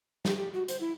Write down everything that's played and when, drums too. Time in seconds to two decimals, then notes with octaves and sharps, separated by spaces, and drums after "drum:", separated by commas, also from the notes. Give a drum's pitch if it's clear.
0.25 G4, drum: snare
0.37 G4
0.53 F#4
0.68 C5, drum: hi-hat
0.81 E4